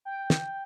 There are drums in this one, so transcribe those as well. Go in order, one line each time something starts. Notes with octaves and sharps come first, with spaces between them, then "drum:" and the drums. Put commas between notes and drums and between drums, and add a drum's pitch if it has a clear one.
G5
drum: snare